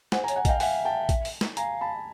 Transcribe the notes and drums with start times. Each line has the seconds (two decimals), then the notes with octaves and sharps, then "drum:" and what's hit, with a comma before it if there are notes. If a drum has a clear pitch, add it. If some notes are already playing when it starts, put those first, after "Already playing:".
0.12 C5 F#5 G#5, drum: snare
0.24 G#5 A#5
0.28 C#5, drum: hi-hat
0.36 F#5 G#5
0.45 D#5 F5 G5, drum: kick A#1, hi-hat
0.60 E5 F#5 G#5, drum: open hi-hat
0.85 G5 A5
1.09 drum: kick A#1, hi-hat
1.25 drum: open hi-hat
1.41 drum: snare
1.57 F5 G#5 A#5, drum: hi-hat
1.81 A5 B5